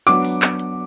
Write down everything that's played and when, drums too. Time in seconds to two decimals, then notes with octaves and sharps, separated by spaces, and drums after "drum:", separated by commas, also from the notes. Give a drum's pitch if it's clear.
0.07 F#3 B3 D4 F#4 D6, drum: hi-hat
0.25 drum: open hi-hat
0.42 drum: clap
0.59 drum: hi-hat